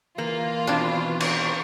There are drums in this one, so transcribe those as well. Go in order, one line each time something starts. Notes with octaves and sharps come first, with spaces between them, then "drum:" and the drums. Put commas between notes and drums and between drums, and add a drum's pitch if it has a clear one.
E3 A#3 F4
B2 D#3 C4 D4
drum: cymbal